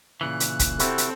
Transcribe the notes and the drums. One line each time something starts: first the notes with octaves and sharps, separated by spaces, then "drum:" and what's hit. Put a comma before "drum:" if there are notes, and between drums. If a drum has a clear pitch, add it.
A#2 C#3 E3 F#6
drum: hi-hat
drum: kick, hi-hat
C3 C4 E4 F#4 A4, drum: hi-hat
drum: hi-hat